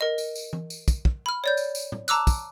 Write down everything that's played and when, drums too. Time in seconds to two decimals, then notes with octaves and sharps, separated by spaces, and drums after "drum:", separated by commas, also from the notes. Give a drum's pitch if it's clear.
0.01 A#4 D#5
0.18 drum: tambourine
0.35 drum: tambourine
0.53 drum: tom E3
0.70 drum: tambourine
0.88 drum: kick, tambourine
1.05 drum: kick
1.26 B5 F6
1.44 C#5 D5 G6
1.57 drum: tambourine
1.75 drum: tambourine
1.92 drum: tom A2
2.08 A5 A#5 D6 E6 F#6, drum: tambourine
2.27 drum: kick, tambourine